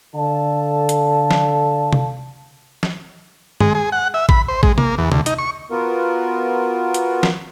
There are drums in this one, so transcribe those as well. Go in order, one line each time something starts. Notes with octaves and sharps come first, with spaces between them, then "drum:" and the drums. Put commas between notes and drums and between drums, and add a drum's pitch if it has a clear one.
D3 A4 D5 F5 A5
drum: hi-hat
drum: snare
drum: tom C3
drum: snare
G#3, drum: tom
G#4
F#5
E5
B5, drum: kick
C5
G#3, drum: kick
A#3, drum: tom C3
E2
D2, drum: tom C3
D#4, drum: hi-hat
C#6
B3 F4 F#4 A#4
drum: hi-hat
drum: snare